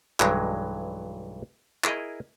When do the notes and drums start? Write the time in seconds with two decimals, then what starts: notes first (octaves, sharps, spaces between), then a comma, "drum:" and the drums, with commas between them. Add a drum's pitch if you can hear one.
0.20 B1 G2 E3 F#3 G#3, drum: clap
1.84 E4 G#4 A#4 D#5, drum: clap